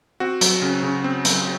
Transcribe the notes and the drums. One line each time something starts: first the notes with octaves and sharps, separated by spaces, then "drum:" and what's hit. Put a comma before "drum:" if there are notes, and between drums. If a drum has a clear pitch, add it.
C4 F#4
F#3, drum: hi-hat
C#3
C#3
C4
F#3, drum: hi-hat